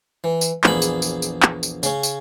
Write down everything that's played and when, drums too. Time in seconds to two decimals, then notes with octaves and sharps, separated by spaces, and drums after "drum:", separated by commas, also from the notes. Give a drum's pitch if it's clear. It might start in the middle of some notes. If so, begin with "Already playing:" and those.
0.24 E3
0.41 drum: tambourine
0.64 A#1 E2 A#3 G#4 B5, drum: clap
0.82 drum: tambourine
1.02 drum: tambourine
1.22 drum: tambourine
1.43 drum: clap
1.63 drum: tambourine
1.83 C#3 C#4, drum: tambourine
2.03 drum: tambourine